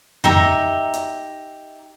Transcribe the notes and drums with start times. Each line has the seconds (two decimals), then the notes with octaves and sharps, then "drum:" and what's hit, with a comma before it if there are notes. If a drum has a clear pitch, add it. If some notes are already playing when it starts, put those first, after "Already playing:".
0.24 D#4 G4 E5 A#5, drum: tom F2
0.94 drum: hi-hat